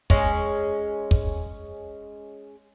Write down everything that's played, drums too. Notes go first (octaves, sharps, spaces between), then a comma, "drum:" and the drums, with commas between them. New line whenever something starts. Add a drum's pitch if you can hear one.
G#3 C#4, drum: kick
drum: kick